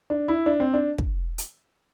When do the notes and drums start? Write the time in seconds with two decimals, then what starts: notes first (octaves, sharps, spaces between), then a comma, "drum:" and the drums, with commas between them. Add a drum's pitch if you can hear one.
0.10 D4
0.28 E4
0.46 D4
0.60 C4
0.74 D4
0.98 drum: kick
1.38 drum: hi-hat